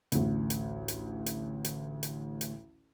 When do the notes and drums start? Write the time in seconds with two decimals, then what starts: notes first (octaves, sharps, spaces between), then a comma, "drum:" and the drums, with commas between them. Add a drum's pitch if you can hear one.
0.12 A1 D2, drum: hi-hat
0.50 drum: hi-hat
0.88 drum: hi-hat
1.26 drum: hi-hat
1.64 drum: hi-hat
2.03 drum: hi-hat
2.41 drum: hi-hat